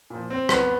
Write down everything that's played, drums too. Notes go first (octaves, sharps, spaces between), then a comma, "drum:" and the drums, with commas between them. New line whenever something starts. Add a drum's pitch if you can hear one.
A#2 F3
C4
C2 B3, drum: rim click